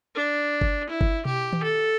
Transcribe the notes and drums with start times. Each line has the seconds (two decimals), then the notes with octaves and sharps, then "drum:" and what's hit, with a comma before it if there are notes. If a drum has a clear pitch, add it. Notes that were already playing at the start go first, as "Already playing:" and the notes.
0.15 D4
0.61 drum: kick G1
0.89 E4
1.01 drum: kick G1
1.25 G4, drum: tom B2
1.53 drum: tom D#3
1.63 A4